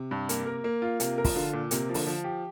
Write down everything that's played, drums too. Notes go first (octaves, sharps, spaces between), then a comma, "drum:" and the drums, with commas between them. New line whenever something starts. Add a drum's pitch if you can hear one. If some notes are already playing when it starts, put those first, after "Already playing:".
Already playing: C3
G2
A#3, drum: hi-hat
A#4
A#3
F4
C3 A#3, drum: hi-hat
A#4
F3, drum: kick, open hi-hat
D3 F4
A#2
C3 A#3, drum: hi-hat
F3
D3, drum: open hi-hat
F3
G4